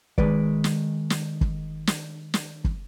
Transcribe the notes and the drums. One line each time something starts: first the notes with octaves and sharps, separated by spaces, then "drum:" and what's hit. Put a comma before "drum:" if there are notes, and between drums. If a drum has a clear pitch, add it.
D#3 G#3 B4 D5, drum: kick
drum: snare
drum: snare
drum: kick
drum: snare
drum: snare
drum: kick